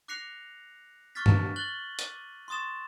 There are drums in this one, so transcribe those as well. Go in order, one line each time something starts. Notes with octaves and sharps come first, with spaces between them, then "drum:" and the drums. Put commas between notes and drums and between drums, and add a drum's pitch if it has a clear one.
D6 F#6 A#6 C7 C#7 F7
C#6 D6 F6 F#6 A6 B6
drum: tom G2
F#6 A6 F#7 G7
D6 D#7, drum: hi-hat
C6 C#6 D#6 A6 E7